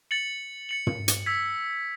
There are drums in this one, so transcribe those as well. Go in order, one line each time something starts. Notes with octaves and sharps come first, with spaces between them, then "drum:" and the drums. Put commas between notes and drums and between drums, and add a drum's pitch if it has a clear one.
A6 C#7 F#7
A6 C#7 F#7
drum: tom
drum: hi-hat
E6 G#6 B6